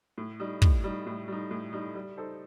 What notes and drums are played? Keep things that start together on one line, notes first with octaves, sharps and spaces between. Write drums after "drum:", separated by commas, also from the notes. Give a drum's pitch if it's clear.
A2
G3 D#4
A2, drum: kick
G3 D#4
A2
G3 D#4
A2
G3 D#4
G3
D#4 A4 C5